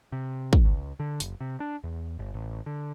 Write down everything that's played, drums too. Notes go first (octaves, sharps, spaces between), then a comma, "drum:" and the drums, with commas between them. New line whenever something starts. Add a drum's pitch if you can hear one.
C3
drum: kick
C#2
D3
F#1, drum: hi-hat
C3
D4
E2
G1
A1
D3